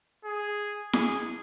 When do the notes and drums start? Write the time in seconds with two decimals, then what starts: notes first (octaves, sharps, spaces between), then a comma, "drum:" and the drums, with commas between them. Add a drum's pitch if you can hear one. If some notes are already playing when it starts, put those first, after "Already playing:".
0.24 G#4
0.93 G#4, drum: snare E4